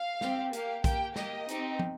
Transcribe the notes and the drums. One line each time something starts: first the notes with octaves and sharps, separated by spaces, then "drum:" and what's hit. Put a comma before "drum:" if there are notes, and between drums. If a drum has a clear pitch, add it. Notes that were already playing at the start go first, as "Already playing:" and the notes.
Already playing: F5
C4 G4, drum: snare
A#3 G4 F5, drum: hi-hat
A#3 G4 G5, drum: kick, hi-hat
A#3 G4 D#5, drum: snare
C4 D#4 G4, drum: hi-hat
drum: tom